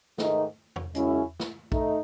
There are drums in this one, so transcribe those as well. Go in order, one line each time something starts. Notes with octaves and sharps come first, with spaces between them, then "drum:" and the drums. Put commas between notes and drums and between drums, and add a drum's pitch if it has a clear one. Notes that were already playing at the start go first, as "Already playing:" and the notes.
G#2 D#3 A3 D#4, drum: snare
drum: tom E2
F#2 C#3 G#3 C#4 E4, drum: hi-hat
drum: snare
A3 D#4, drum: kick